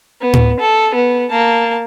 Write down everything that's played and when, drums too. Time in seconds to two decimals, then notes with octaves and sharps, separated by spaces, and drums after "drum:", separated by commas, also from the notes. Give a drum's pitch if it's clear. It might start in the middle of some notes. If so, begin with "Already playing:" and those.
0.21 B3
0.33 drum: tom A2
0.60 A4
0.94 B3
1.30 A#3 A5